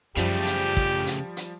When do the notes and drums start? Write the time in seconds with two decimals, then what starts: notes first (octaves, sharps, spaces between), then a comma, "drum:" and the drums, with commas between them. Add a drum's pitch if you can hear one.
0.16 F#2 C#3 F3 G3 A3 G4 E7, drum: hi-hat
0.46 drum: hi-hat
0.77 drum: kick
1.07 drum: hi-hat
1.37 drum: hi-hat